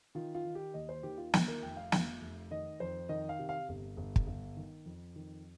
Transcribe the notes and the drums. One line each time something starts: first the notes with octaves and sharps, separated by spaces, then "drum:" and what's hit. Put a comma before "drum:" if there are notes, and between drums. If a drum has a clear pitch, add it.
D#3 F4
F4
D#3
G4
D#2 D#5
C5
D#3 G4
F4
D#3, drum: snare
A#4
F1 G5
F5
F1, drum: snare
F1
D#3 D#5
F2 C5
D#3 D#5
F5
C3
F5
G1
G1
drum: kick
G1
D#3
F2
D#3